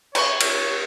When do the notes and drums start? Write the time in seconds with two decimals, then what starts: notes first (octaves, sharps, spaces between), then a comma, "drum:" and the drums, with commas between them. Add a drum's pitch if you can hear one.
0.15 C#3 B4 C#5 C#6, drum: cymbal
0.40 drum: cymbal